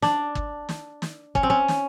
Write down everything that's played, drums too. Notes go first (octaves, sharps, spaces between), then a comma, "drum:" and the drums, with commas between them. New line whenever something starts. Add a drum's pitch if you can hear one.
D4, drum: snare
drum: kick
drum: snare
drum: snare
C#4, drum: kick
C4
C#4
drum: snare